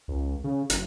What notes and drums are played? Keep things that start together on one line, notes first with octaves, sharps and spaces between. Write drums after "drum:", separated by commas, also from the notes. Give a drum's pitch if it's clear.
C#2
C#3
F#1, drum: hi-hat